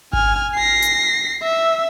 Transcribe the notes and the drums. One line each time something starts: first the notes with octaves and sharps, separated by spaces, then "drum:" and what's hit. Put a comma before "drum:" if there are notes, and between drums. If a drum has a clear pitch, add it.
G#5 F6, drum: kick G#1
A#6 C7
drum: hi-hat
E5